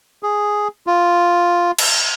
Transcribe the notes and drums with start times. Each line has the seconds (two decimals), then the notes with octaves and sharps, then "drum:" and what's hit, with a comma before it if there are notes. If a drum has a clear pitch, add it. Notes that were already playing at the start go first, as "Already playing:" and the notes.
0.23 G#4
0.87 F4
1.79 drum: cymbal